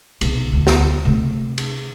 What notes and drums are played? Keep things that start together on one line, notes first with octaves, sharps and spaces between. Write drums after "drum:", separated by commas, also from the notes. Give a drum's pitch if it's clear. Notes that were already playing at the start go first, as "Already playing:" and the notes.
B1 C3, drum: cymbal
D2
drum: snare
C3 A3
drum: cymbal